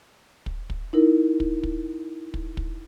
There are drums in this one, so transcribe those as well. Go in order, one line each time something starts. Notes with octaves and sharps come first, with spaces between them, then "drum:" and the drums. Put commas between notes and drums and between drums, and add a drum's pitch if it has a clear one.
drum: kick
drum: kick
D#4 E4 A#4
drum: kick
drum: kick
drum: kick
drum: kick